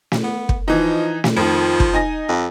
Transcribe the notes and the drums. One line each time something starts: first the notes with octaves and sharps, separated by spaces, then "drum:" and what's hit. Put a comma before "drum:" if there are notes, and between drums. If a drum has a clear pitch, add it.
drum: snare
B3
drum: kick
E3 F3 D#4
drum: snare
F2 D#3 F3
drum: kick
D#4 G#5 A#6
F2